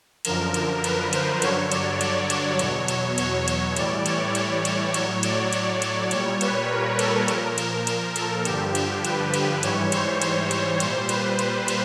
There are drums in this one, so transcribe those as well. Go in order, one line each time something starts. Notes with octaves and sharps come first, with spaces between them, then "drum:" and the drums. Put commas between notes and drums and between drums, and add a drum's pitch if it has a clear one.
F#2 D3 F3 A#4, drum: cymbal
drum: cymbal
B4, drum: cymbal
C5, drum: cymbal
G2 D3 F#3 C#5, drum: cymbal
D5, drum: cymbal
D5, drum: cymbal
C#5, drum: cymbal
E2 B2 F#3 C#5, drum: cymbal
C#5, drum: cymbal
C#5, drum: cymbal
C#5, drum: cymbal
A2 E3 G3 D5, drum: cymbal
C#5, drum: cymbal
D5, drum: cymbal
C#5, drum: cymbal
A2 F#3, drum: cymbal
D5, drum: cymbal
drum: cymbal
drum: cymbal
A#2 G3 C#5, drum: cymbal
B4, drum: cymbal
A#4
A4, drum: cymbal
A#2 F3 A#4, drum: cymbal
drum: cymbal
drum: cymbal
A4, drum: cymbal
G2 D3 F3 G4, drum: cymbal
drum: cymbal
B4, drum: cymbal
drum: cymbal
G#2 E3 G3 C#5, drum: cymbal
C5, drum: cymbal
drum: cymbal
drum: cymbal
A#2 G3 C5, drum: cymbal
B4, drum: cymbal
drum: cymbal
drum: cymbal